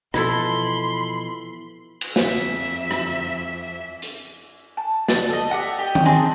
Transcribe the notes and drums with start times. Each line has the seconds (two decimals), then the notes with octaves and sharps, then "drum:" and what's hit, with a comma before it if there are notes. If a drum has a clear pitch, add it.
0.14 B2 E3 F3 E4 A4 B5 C6, drum: rim click
2.01 drum: cymbal
2.16 F2 E5, drum: snare
2.91 drum: rim click
4.02 drum: hi-hat
4.77 A5
5.08 D5, drum: snare
5.29 A4 D#5
5.50 G4 E5 F#5 A5
5.79 G4 D#5
5.95 drum: tom D#3
6.05 C4 D4 D#4 G#4